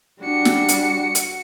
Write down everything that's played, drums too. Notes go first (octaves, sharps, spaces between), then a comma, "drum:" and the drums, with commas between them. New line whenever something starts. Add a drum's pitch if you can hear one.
G3 D4 F#4 C#7
drum: snare
drum: hi-hat
drum: hi-hat